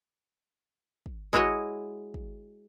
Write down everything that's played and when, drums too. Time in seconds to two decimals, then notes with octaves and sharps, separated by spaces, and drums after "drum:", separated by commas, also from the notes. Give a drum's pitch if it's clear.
1.06 drum: kick
1.33 G#3 E4 F#4 C#5 D#5, drum: kick
2.14 drum: kick